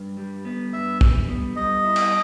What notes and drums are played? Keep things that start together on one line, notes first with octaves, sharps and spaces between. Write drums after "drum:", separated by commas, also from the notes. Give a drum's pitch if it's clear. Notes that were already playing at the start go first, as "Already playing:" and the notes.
Already playing: G2
G3
B3
G2 E5
G3, drum: kick
B3
G3 D#5
E4
drum: cymbal